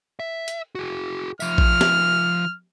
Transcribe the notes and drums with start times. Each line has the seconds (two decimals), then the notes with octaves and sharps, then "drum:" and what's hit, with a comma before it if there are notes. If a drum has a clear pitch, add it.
0.20 E5
0.48 drum: hi-hat
0.75 F#4 G#4
1.40 F3 E5 F6, drum: tambourine
1.58 drum: kick A#1
1.81 drum: snare